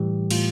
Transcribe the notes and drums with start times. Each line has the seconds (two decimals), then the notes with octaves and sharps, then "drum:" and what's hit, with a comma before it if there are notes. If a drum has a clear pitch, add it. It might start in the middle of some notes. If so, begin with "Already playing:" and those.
Already playing: A2 E3 G3 G4
0.31 A2 F4, drum: cymbal